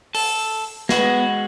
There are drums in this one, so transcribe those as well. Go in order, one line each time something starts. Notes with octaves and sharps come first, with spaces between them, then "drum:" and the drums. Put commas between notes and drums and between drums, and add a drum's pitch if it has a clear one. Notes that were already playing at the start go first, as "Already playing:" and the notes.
A4, drum: open hi-hat
G#3 B3 F#4, drum: snare